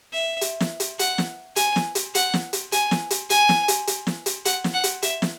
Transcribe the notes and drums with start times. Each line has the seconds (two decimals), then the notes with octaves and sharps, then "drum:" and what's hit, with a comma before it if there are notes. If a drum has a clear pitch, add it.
0.12 E5
0.41 drum: hi-hat
0.60 drum: snare
0.80 drum: hi-hat
0.99 F#5, drum: hi-hat
1.18 drum: snare
1.56 G#5, drum: hi-hat
1.76 drum: snare
1.95 drum: hi-hat
2.15 F#5, drum: hi-hat
2.34 drum: snare
2.53 drum: hi-hat
2.72 G#5, drum: hi-hat
2.91 drum: snare
3.10 drum: hi-hat
3.30 G#5, drum: hi-hat
3.49 drum: snare
3.68 drum: hi-hat
3.87 drum: hi-hat
4.07 drum: snare
4.26 drum: hi-hat
4.45 F#5, drum: hi-hat
4.64 drum: snare
4.74 F#5
4.84 drum: hi-hat
5.02 E5, drum: hi-hat
5.22 drum: snare